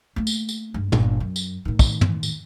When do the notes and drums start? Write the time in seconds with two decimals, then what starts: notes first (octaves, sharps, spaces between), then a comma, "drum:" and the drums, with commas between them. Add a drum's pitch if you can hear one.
0.16 A3 A#3
0.27 drum: tambourine
0.49 drum: tambourine
0.74 G2 G#3
0.92 G1 A#2, drum: tom
1.20 F#2
1.36 drum: tambourine
1.65 A2 D#3
1.79 drum: kick, tambourine
2.01 drum: tom
2.23 drum: tambourine